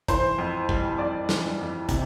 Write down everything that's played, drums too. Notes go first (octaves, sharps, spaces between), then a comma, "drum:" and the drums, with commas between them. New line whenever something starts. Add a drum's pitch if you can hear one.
E3 C5, drum: kick, hi-hat
F2
G3, drum: kick
F2 D5
E3, drum: snare
F2
C3, drum: kick, hi-hat